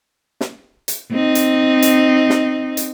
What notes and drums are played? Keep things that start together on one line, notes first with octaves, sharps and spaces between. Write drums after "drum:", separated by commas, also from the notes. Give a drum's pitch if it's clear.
drum: snare
drum: hi-hat
C4 D#4
drum: hi-hat
drum: hi-hat
drum: snare
drum: hi-hat